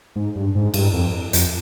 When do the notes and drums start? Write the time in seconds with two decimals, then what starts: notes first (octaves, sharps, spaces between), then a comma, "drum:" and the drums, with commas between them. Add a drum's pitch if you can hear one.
0.16 G#2
0.36 G2
0.55 G#2
0.74 G2, drum: cymbal
0.94 F2
1.33 F2, drum: hi-hat